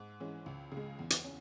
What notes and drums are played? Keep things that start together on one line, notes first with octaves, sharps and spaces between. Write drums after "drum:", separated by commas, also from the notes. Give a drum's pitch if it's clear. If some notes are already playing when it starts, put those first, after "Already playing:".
Already playing: G#2
E3 G#3 C#4
C#2
C#3
G#3
E2
drum: hi-hat
C#4